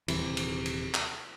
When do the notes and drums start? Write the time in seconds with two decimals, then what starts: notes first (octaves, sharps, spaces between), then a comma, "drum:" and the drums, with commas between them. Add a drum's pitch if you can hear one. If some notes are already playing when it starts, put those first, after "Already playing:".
0.08 D#1 G#1 C3 E3, drum: cymbal
0.37 drum: cymbal
0.66 drum: cymbal
0.94 drum: clap